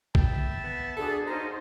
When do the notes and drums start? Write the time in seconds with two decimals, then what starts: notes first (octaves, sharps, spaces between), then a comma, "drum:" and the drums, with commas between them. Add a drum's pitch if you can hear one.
0.15 E5 G5 A5 B5, drum: kick
0.64 B3
0.97 D4 F#4 G#4 A4
1.27 A#3 C#4 D#4 C5 D#5 A#5